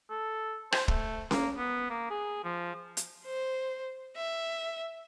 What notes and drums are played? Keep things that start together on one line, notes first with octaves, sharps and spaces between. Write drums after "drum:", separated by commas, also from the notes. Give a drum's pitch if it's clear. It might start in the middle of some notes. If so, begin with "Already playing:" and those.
A4
C5, drum: rim click
A3, drum: kick
A#3, drum: snare C#4
B3
A#3
G#4
F3
drum: hi-hat
C5
E5